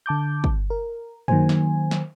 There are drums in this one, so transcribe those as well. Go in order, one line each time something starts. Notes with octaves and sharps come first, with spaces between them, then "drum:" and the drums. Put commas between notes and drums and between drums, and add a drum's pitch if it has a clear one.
D3 A5 D6 G6
drum: kick
A#4
D#3 F#3 A#3 C5 G#5, drum: tom F#2
drum: snare
drum: snare